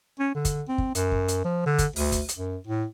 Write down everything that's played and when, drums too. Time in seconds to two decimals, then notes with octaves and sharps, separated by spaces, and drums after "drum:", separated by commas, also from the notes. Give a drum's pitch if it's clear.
0.19 C#4
0.35 D3
0.45 drum: kick, hi-hat
0.69 C4
0.78 drum: kick
0.95 F#2, drum: hi-hat
1.12 drum: kick
1.28 drum: hi-hat
1.44 F3
1.66 D3
1.79 drum: kick, hi-hat
1.96 D2, drum: open hi-hat
2.12 drum: kick, hi-hat
2.29 drum: hi-hat
2.38 F#2
2.67 A2